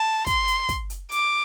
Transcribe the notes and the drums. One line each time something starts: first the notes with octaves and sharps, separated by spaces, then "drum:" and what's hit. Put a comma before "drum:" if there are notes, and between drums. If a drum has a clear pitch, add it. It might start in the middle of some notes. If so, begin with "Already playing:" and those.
Already playing: A5
C6, drum: kick, hi-hat
drum: hi-hat
drum: kick, hi-hat
drum: hi-hat
D6, drum: hi-hat